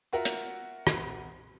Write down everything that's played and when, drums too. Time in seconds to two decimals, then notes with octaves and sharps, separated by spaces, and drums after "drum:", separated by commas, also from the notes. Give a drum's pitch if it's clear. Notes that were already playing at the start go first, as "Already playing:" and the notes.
0.13 F4 F#4 A#4 E5 F#5
0.25 drum: hi-hat
0.87 drum: rim click